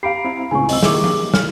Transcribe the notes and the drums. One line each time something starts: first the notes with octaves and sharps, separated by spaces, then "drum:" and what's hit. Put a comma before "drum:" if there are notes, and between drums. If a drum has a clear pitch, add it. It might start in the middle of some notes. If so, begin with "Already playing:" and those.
G4 F5 A#5 B5 C7 D7
C4 E4
C#2 A2 C#3 G#5 C#6
C2 C4 D#5 E6, drum: open hi-hat
D#3 E3 A#3 D#4 G4 G#4 E5 D6, drum: snare
drum: tom
F6, drum: snare